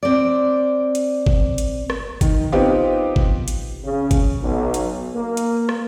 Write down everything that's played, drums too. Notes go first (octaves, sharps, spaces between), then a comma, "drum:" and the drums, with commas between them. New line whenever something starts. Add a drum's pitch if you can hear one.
C4 D5
drum: hi-hat
drum: kick G1
drum: hi-hat
drum: rim click
D#3, drum: kick G1, hi-hat
B3 C4 D#4 F4 G4
drum: kick G1
drum: hi-hat
C#3
drum: kick G1, hi-hat
B1
drum: hi-hat
A#3
drum: hi-hat
drum: rim click